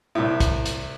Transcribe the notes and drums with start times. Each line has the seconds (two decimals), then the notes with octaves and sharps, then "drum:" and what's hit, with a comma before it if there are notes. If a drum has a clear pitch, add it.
0.15 C2 A2
0.40 drum: kick, hi-hat
0.66 drum: hi-hat